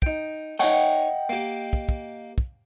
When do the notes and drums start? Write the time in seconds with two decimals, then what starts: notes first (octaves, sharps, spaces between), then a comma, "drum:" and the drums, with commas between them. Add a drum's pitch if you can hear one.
0.02 D#4 G5, drum: kick
0.59 D#4 C#5 D#5 F#5 G5
1.29 A#3 G4
1.73 drum: kick
1.89 drum: kick
2.38 drum: kick